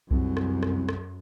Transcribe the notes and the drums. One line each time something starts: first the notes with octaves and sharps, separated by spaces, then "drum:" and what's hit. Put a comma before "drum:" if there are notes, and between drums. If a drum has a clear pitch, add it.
C2 F#2, drum: kick C2
drum: rim click
drum: rim click
drum: rim click